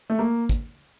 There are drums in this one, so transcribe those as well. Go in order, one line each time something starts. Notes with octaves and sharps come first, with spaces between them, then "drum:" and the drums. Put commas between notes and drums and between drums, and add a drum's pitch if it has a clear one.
A3
A#3
drum: kick, hi-hat